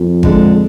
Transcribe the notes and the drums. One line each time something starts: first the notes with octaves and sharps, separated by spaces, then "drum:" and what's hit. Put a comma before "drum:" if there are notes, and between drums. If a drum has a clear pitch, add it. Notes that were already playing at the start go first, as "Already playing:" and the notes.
Already playing: F2
D3 G#3 D4, drum: kick G#1